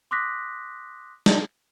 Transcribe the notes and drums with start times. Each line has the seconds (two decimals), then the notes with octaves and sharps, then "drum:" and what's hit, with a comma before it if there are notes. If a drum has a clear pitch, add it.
0.11 C6 D6 D#6 F#6 A#6 B6
1.26 drum: snare